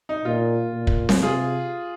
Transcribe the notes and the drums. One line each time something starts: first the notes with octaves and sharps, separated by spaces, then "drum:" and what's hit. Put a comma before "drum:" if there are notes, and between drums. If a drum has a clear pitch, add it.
D#4
A#2 F4
A#2
drum: kick
drum: snare C4
C3 F4 G#4